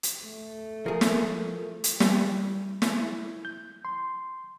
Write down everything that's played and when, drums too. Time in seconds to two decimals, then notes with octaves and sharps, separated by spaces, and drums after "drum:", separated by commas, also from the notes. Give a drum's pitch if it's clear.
0.03 drum: hi-hat
0.25 A3
0.86 F3 G#4 A#4
1.01 drum: snare
1.84 drum: hi-hat
2.00 G3, drum: snare
2.82 drum: snare
3.00 E4
3.45 G6
3.85 C6